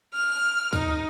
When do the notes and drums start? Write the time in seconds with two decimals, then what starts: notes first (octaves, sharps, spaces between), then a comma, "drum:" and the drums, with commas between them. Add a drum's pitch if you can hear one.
0.13 F6
0.73 D#4, drum: kick, tambourine